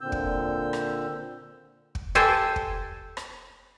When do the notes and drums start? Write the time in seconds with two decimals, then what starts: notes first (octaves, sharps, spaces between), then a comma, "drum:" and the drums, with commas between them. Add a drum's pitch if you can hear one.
0.01 A#2 D3 C4 E6 G6
0.12 drum: kick
0.73 drum: rim click
1.95 drum: kick
2.15 G4 A4 C5 G#5
2.56 drum: kick
3.17 drum: rim click